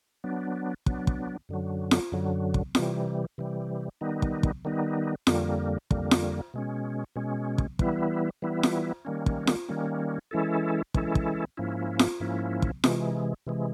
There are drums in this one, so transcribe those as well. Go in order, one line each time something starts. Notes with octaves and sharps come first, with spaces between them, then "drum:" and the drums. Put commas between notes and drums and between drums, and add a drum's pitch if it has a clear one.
F#3 B3 D4
F#3 B3 D4, drum: kick
drum: kick
F#2 D3 F#3
drum: snare
F#2 D3 F#3
drum: kick
C3 E3 G3, drum: snare
C3 E3 G3
D#3 G3 B3 D#4
drum: kick
drum: kick
D#3 G3 B3 D#4
F2 D3 G3 A#3, drum: snare
F2 D3 G3 A#3, drum: kick
drum: snare
B2 G#3 C#4
B2 G#3 C#4
drum: kick
E3 G3 B3 E4, drum: kick
E3 G3 B3 E4
drum: snare
D#3 G3 A#3 C#4
drum: kick
drum: snare
D#3 G3 A#3 C#4
E3 G#3 C#4 E4 A4
E3 G#3 C#4 E4 A4, drum: kick
drum: kick
G#2 F3 A#3 C#4 E4
drum: snare
G#2 F3 A#3 C#4 E4
drum: kick
C3 E3 G#3, drum: snare
C3 E3 G#3